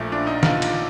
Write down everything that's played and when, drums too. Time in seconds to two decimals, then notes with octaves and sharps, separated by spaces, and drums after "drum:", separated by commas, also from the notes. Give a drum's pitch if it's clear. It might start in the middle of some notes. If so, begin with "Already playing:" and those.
Already playing: A#1 A#2 F3 A3
0.12 D4
0.27 D#4
0.43 F4, drum: snare
0.62 drum: cymbal